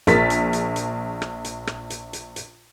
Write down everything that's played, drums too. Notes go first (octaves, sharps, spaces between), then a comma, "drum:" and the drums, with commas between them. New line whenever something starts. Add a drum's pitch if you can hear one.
A#1 G#4 A#4 A6 B6, drum: hi-hat
drum: hi-hat
drum: hi-hat
drum: hi-hat
drum: rim click
drum: hi-hat
drum: rim click
drum: hi-hat
drum: hi-hat
drum: hi-hat